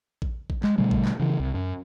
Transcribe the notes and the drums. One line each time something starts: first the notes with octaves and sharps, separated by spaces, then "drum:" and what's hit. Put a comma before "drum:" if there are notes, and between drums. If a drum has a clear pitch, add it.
drum: kick A1
drum: kick A1
G#3, drum: clap
B2 D3 G3 A3
drum: kick A1
drum: clap
C#3 E3
C2
F#2